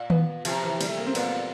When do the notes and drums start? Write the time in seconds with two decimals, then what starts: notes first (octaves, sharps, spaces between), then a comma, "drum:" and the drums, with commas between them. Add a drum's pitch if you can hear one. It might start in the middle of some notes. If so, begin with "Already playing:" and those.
Already playing: A#2
0.10 B3, drum: tom D#3
0.45 C3 F3, drum: cymbal
0.63 E3
0.81 G3, drum: cymbal
0.88 A3
0.98 A#3
1.07 C4
1.15 A#2 B3, drum: cymbal